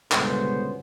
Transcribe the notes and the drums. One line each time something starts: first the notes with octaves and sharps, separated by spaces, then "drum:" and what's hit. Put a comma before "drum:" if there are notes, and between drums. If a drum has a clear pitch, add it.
G1 C#2 B2 B3 C#4 C5, drum: clap